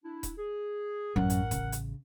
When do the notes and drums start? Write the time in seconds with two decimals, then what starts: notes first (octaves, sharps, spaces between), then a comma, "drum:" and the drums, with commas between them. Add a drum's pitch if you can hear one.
0.05 D4 E4
0.23 drum: kick D#1, hi-hat
0.38 G#4
1.16 A1 F#2 A#4 F#5
1.30 drum: hi-hat
1.51 C#3, drum: kick D#1, hi-hat
1.72 drum: hi-hat